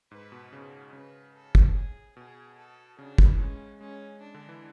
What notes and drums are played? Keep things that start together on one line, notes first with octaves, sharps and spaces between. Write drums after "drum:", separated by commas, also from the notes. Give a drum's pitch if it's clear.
G#2 B4
B2
C#3
C#3 B4
A4
drum: kick
G#4
B2 G#4
A4
C#3 D4
E3, drum: kick
G#3 C#4
G#3 C#4
D4
D3
E3